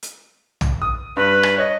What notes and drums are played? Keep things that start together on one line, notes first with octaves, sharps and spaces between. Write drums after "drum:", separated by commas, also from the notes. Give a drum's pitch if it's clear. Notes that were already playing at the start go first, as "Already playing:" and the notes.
drum: hi-hat
drum: tom
D#6
G2 B4
drum: rim click
C#5 D#5